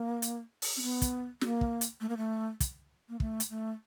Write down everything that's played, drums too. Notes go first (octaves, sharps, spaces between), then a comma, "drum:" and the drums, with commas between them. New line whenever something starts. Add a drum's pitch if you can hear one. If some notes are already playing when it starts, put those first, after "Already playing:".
Already playing: A#3
drum: hi-hat
drum: open hi-hat
C4
B3
drum: kick, hi-hat
A#3, drum: snare
drum: kick
drum: hi-hat
A3
A#3
A3
drum: kick, hi-hat
A#3
A3, drum: kick
drum: hi-hat
A3